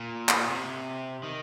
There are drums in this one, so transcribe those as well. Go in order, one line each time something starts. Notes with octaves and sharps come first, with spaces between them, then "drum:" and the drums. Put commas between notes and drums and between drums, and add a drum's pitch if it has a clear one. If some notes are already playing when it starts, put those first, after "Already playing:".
Already playing: A#2
drum: clap
C3
D#3